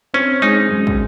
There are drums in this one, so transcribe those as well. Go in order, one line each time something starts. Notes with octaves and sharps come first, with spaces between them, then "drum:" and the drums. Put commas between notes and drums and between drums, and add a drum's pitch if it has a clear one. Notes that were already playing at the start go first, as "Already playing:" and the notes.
C4 C#4
G#3 D#4
F#2
drum: kick